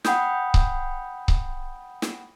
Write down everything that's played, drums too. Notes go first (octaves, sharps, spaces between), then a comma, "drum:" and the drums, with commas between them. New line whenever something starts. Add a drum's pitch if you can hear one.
F#5 G5 B5 D#6 G6, drum: snare
drum: kick C#1
drum: kick C#1
drum: snare